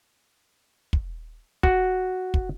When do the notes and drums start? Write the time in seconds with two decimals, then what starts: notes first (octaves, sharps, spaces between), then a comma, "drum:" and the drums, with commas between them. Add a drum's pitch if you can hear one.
0.93 drum: kick
1.63 F#4, drum: kick
2.34 drum: kick